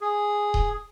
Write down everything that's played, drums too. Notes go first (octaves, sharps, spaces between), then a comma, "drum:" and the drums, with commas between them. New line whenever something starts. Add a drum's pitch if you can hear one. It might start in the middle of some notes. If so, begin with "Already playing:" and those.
G#4
drum: kick D#1